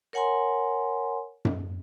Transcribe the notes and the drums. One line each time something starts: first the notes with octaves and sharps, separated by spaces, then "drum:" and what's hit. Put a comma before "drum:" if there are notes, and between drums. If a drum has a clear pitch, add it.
A#4 C#5 F#5 G#5 A#5 C6
drum: tom F#2